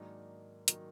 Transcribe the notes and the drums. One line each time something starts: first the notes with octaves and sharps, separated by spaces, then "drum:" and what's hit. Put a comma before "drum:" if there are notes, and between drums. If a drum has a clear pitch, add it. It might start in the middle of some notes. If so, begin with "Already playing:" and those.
Already playing: G#2 D#3 F#3 A#3 D4 D#4 D5
D#3 F#3 A#3 D#4, drum: hi-hat